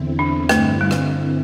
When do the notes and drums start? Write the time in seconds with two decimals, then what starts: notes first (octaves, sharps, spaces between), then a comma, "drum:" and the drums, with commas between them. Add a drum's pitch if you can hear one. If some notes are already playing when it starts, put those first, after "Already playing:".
Already playing: E2 D3 C4 E4
0.19 D4
0.49 G2 D3 A3 C4 E4, drum: rim click
0.81 G3
0.91 drum: rim click